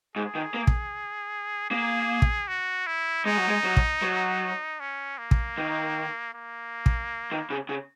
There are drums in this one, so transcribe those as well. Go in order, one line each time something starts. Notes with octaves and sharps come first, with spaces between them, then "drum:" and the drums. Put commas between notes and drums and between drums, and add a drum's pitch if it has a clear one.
G#2 G#4
D#3
A#3
drum: kick
A#3 G#4
drum: kick
F#4
E4
G#3 D#4
F#3
G#3
F#3
drum: kick
F#3
C#4
A#3
drum: kick
D#3
A#3
drum: kick
D#3
C#3
C#3